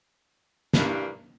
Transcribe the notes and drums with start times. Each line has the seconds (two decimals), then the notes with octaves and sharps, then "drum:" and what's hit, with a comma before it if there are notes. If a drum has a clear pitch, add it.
0.73 G2 E3 G3 A#3 D4, drum: snare